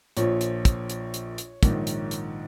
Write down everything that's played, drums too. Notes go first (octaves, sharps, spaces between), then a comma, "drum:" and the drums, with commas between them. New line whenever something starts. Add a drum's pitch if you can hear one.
A#1 A#2 F3 C#5, drum: hi-hat
drum: hi-hat
drum: kick, hi-hat
drum: hi-hat
drum: hi-hat
drum: hi-hat
A#1 G#2 D#3, drum: kick, hi-hat
drum: hi-hat
drum: hi-hat